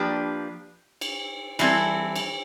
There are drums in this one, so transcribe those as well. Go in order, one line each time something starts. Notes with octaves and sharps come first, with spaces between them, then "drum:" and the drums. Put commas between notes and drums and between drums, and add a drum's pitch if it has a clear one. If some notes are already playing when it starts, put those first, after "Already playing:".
Already playing: F3 A#3 D4 G4 B4
drum: cymbal
E3 G3 C4 E4 A4, drum: cymbal
drum: cymbal